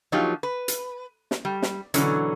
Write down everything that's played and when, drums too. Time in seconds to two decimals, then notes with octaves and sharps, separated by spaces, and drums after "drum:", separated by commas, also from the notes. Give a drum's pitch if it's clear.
0.12 F3 F#3 A#3 D#4 F4 G4
0.43 B4
0.68 drum: hi-hat
1.31 drum: snare
1.45 G3
1.62 drum: snare
1.94 B2 D3 E3 F#3 C#4, drum: hi-hat